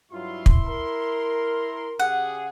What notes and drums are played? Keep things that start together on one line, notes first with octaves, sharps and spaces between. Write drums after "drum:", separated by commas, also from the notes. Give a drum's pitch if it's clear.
G2 F#3 E4 F4 C6
drum: kick
A#4
C#3 G4 G#4 F#5